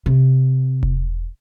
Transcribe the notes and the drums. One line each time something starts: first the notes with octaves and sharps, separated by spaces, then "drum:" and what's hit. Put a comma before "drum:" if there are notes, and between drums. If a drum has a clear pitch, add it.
C3
drum: kick E1